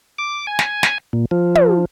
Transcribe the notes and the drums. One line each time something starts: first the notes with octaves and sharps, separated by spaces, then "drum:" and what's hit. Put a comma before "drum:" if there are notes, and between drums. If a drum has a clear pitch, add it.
D6
G#5
drum: snare
drum: snare
A#2
F3
drum: tom